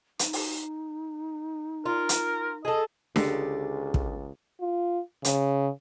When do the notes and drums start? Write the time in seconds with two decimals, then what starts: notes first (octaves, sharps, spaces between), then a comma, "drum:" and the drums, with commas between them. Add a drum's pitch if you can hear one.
0.19 D#4, drum: hi-hat
0.33 drum: open hi-hat
1.85 F4 A#4
2.09 drum: hi-hat
2.65 G#4 A4 D#5
3.16 C#2 D3 G4 G#4 A6, drum: snare D4
3.94 drum: kick
4.61 F4
5.25 C#3, drum: hi-hat